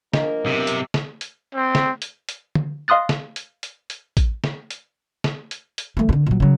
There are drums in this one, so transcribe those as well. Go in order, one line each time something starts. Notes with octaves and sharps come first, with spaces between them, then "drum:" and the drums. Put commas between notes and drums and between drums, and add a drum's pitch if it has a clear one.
F3 A#3 D4 A#4 D#5, drum: snare
B1 C3
drum: hi-hat
drum: snare
drum: hi-hat
C4
drum: snare
drum: hi-hat
drum: hi-hat
drum: tom
D#5 F5 C6 D#6 F#6 A6
drum: snare
drum: hi-hat
drum: hi-hat
drum: hi-hat
drum: kick A1, hi-hat
drum: snare
drum: hi-hat
drum: snare
drum: hi-hat
drum: hi-hat
E3 A3
D2 D3
A#2 F#3
C#3 F#3